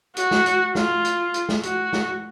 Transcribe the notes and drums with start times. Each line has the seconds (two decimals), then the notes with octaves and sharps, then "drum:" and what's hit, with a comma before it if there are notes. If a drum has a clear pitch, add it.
0.17 F#4, drum: hi-hat
0.31 drum: snare
0.46 drum: hi-hat
0.75 F4, drum: snare
1.05 drum: hi-hat
1.34 drum: hi-hat
1.49 drum: snare
1.63 F#4, drum: hi-hat
1.93 drum: snare